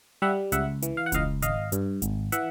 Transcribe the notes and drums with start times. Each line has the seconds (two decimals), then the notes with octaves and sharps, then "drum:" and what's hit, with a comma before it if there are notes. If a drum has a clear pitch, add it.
0.22 G3 E5 F#5
0.52 C#2 E5 F#5, drum: hi-hat
0.82 E3, drum: hi-hat
0.97 F5
1.06 F#5
1.12 C#2 D#5 F5, drum: kick E1, hi-hat
1.42 G#1 D#5 F5, drum: hi-hat
1.72 G2, drum: hi-hat
2.02 G#1, drum: hi-hat
2.32 E3 E5 F#5, drum: hi-hat